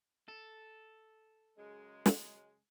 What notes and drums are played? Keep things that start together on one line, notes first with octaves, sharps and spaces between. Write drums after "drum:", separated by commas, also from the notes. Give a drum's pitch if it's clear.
A4
F#2 C#3 G#3
drum: snare